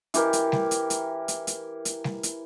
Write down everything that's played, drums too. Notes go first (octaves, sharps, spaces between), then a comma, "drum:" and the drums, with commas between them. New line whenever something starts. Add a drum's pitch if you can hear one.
E3 G4 A#4, drum: hi-hat
drum: hi-hat
drum: snare G3
drum: hi-hat
drum: hi-hat
drum: hi-hat
drum: hi-hat
drum: hi-hat
drum: snare G3
drum: hi-hat